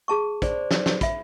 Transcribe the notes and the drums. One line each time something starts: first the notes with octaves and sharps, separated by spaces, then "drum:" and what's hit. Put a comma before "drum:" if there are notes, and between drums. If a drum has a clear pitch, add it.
G#4 A5 C#6
C5 D5, drum: kick, hi-hat
drum: snare
drum: snare
E5 B5, drum: kick, hi-hat